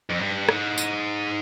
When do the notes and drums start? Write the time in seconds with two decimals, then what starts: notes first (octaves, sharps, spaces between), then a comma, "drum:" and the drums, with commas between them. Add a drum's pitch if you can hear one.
0.10 F2
0.19 G2
0.49 G#2, drum: rim click
0.78 drum: tambourine